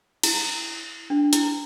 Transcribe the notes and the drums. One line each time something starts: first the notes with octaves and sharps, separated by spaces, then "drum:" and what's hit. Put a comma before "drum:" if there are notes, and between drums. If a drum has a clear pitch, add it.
E4, drum: cymbal
D4
E4, drum: hi-hat